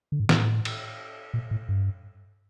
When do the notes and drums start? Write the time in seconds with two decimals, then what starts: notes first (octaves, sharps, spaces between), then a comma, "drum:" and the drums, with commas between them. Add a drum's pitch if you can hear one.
0.12 D3
0.20 G#2
0.29 A2, drum: snare
0.65 drum: cymbal
1.34 A#2
1.51 A2
1.69 G2